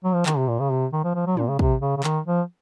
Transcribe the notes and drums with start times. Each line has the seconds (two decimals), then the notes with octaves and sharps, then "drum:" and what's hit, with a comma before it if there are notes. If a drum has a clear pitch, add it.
0.04 F#3
0.14 F3
0.26 D#3, drum: clap
0.37 C3
0.48 A#2
0.60 C#3
0.70 C3
0.93 D#3
1.04 F3
1.15 F3
1.26 F#3
1.37 A#2, drum: tom
1.48 C#3
1.59 C3, drum: kick
1.82 C#3
1.97 C#3
2.04 D#3, drum: clap
2.26 F3